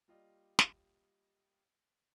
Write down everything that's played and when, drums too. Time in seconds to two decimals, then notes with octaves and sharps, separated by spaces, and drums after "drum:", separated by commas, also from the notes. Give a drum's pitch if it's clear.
0.08 G3 A#3 F4 G4 D5 D#5
0.59 drum: snare